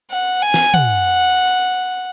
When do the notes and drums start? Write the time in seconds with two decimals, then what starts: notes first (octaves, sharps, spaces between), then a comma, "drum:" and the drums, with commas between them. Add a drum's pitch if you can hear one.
0.11 F#5
0.42 G#5
0.54 drum: snare
0.74 F#5, drum: tom